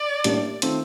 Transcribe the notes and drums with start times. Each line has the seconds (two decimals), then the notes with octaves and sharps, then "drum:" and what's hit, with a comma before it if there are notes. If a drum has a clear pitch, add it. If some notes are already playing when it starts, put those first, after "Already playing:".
Already playing: D5
0.24 A2 G3 A#3 D4 G4, drum: hi-hat
0.62 D#3 A3 C4 F4, drum: hi-hat